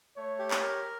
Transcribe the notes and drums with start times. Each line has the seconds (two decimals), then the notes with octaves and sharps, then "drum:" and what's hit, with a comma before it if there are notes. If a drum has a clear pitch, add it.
0.17 A3 C#5
0.39 G4
0.51 drum: clap
0.62 A#4